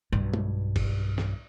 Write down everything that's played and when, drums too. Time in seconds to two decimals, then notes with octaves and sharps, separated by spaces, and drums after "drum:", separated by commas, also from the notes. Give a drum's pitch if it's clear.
0.12 B1 G2
0.34 drum: tom
0.76 drum: kick F#1, cymbal
1.18 drum: snare